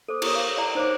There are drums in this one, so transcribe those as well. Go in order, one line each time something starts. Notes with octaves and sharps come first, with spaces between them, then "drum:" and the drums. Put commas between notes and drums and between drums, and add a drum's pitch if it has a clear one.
A4 C5 D6
E4 G4 A4 A#4 C#5 D#6, drum: cymbal
F5
E4 D5 F#5 G5 A#5
D#4 C5 C#5 D6